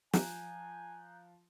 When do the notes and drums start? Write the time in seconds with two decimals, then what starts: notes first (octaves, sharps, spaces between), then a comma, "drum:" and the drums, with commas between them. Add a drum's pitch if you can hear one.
0.13 F3 G#5 A#5 F#6 G6, drum: snare